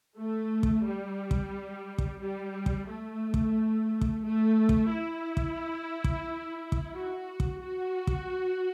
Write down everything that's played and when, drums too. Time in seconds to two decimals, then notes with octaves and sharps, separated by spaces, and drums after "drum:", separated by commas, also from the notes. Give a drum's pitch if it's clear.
0.18 A3
0.63 drum: kick
0.85 G3
1.31 drum: kick
1.98 drum: kick
2.21 G3
2.66 drum: kick
2.89 A3
3.34 drum: kick
4.01 drum: kick
4.23 A3
4.69 drum: kick
4.91 E4
5.37 drum: kick
6.04 drum: kick
6.72 drum: kick
6.95 F#4
7.40 drum: kick
7.62 F#4
8.07 drum: kick